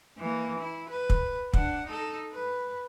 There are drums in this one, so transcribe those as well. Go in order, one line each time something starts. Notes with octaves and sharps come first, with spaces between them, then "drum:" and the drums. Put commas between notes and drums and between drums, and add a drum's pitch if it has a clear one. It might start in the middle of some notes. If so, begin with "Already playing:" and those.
E3 A#3
E4
B4
drum: kick
D4 F#5, drum: kick
D#4 A4
B4